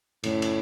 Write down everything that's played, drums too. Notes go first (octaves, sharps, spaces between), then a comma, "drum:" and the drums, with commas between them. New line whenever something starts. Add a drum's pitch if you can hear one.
F#2 A2 C#3 A3 C#4, drum: cymbal
drum: cymbal